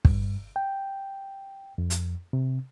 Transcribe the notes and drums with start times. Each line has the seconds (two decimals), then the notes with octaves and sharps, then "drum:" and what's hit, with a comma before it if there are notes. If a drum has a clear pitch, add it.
0.05 G2, drum: kick
0.56 G5
1.78 F2
1.90 drum: hi-hat
2.33 C3